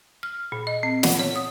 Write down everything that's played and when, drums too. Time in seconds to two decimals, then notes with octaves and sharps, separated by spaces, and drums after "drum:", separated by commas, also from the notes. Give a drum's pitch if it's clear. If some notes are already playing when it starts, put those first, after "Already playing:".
0.23 F6
0.52 A#2
0.67 D#5
0.83 C4
1.03 F#5, drum: snare
1.19 C#5
1.36 D#6